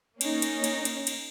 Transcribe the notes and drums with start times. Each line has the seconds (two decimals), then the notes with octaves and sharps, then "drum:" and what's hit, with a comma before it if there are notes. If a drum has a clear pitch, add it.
0.21 A#3 C#4 D#4, drum: cymbal
0.42 drum: cymbal
0.64 drum: cymbal
0.85 drum: cymbal
1.07 drum: cymbal